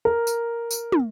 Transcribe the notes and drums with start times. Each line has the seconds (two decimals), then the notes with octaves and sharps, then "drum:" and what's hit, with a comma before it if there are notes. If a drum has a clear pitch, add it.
0.05 A#4
0.27 drum: tambourine
0.71 drum: tambourine
0.92 drum: tom